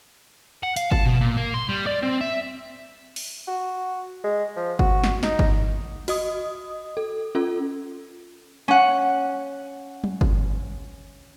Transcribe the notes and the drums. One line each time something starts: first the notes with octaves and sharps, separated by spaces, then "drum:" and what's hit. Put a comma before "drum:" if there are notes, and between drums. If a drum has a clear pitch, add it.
F#5
F5, drum: hi-hat
A5, drum: kick G1
B2
A#2
A#3
C6
G3
D5
C4
E5
drum: open hi-hat
F#4
G#3
F3
F#4, drum: kick G1
drum: snare
D#4, drum: snare
drum: kick G1
F#4 D#5 D#6, drum: open hi-hat
A4
C#4 F4 A4
C#4 F#5
drum: tom F#3
drum: kick G1